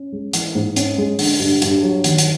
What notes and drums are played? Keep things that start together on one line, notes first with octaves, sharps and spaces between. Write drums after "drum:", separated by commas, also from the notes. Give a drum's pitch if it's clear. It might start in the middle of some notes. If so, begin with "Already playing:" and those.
Already playing: C#4
G#3
E3, drum: hi-hat
G#2
C#4, drum: hi-hat
G#3
D3, drum: open hi-hat
G2
G2, drum: hi-hat
F#3
D#3, drum: hi-hat
drum: hi-hat